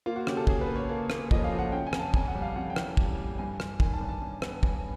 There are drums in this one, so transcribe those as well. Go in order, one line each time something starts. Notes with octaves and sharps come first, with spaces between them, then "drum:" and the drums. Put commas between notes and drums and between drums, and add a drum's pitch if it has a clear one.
A#3 F4
F#4
C#3 G4, drum: rim click
A4
C#3 G#4, drum: kick
B4
A#3
C#5
A#3
A#3, drum: rim click
F3 D#5, drum: kick
F5
F3
F#5
C#3 G5
G#5
F2, drum: rim click
A5
F2 G#5, drum: kick
F#5
G3
F5
F2 F#5
G5
E3, drum: rim click
G3, drum: kick
G3
G2 G#5
G2, drum: rim click
D#3 G#5, drum: kick
A5
G2
A5
G2
B3, drum: rim click
G2 G#5, drum: kick